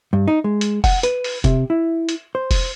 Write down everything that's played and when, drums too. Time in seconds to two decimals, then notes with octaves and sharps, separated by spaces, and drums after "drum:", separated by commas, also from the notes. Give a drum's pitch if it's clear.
0.13 G2
0.28 D#4
0.44 G#3
0.61 drum: hi-hat
0.84 F#5, drum: kick, open hi-hat
1.03 B4, drum: hi-hat
1.24 drum: open hi-hat
1.44 C3, drum: kick, hi-hat
1.70 E4
2.09 drum: hi-hat
2.35 C5
2.51 drum: kick, open hi-hat